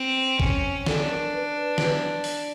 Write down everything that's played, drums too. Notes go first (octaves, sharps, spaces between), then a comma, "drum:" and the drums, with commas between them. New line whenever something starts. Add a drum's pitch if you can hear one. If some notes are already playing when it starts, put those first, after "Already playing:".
Already playing: C4
C#4, drum: kick
D4 A4, drum: snare
A#4
B4
drum: snare
drum: open hi-hat